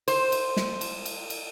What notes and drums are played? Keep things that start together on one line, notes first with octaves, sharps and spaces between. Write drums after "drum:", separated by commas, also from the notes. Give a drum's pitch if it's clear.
C5, drum: cymbal
drum: cymbal
drum: snare
drum: cymbal
drum: cymbal
drum: cymbal